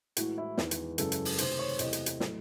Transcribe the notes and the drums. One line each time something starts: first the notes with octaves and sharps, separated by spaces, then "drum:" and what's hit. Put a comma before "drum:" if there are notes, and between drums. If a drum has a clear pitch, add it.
A2 E3 G#3 F#4, drum: hi-hat
E4
E2 D#3 G#3, drum: snare
drum: hi-hat
F#2 C#3 E3 G#3 A4, drum: hi-hat
drum: hi-hat
drum: open hi-hat
C3 D#3 A3 C5, drum: hi-hat
C#5
E2 C3 E3 A3 D#5, drum: hi-hat
drum: hi-hat
drum: hi-hat
A2 F#3 A3, drum: snare